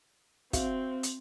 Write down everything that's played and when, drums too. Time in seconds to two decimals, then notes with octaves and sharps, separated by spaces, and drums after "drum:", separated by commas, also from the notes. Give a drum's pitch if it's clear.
0.53 C4 F#4 E5 F5, drum: kick, hi-hat
1.03 drum: hi-hat